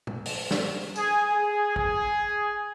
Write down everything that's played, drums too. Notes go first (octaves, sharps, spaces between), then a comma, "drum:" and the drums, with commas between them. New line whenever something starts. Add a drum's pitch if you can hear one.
drum: tom A#2
drum: open hi-hat
drum: snare
G#4, drum: tambourine
G#4
G#4, drum: kick